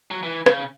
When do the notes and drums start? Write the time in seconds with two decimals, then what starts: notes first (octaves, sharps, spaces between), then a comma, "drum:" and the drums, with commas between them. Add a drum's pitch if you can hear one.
0.11 F#3
0.23 E3
0.46 C#3, drum: rim click